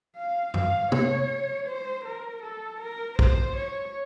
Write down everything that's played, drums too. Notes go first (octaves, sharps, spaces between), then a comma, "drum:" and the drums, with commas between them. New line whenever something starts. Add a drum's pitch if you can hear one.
F5
F5, drum: tom F#2
C#5, drum: tom
C5
A#4
A4
A#4
C5, drum: kick A#1
C#5